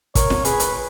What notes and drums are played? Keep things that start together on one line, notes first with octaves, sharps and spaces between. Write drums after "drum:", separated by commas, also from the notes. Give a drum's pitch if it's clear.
A#4 C#5, drum: kick, hi-hat
drum: snare
G#4 B4, drum: hi-hat
drum: hi-hat